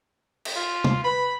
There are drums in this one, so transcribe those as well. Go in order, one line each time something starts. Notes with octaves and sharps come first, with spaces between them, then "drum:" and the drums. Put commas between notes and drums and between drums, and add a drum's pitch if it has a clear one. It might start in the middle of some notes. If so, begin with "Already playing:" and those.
drum: cymbal
F4
drum: tom C3
B4 B5